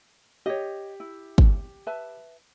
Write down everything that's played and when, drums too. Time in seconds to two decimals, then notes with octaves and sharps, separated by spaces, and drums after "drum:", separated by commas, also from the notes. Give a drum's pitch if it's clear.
0.46 G4 C#5 D#5
1.00 E4
1.38 drum: kick
1.87 B4 E5 A5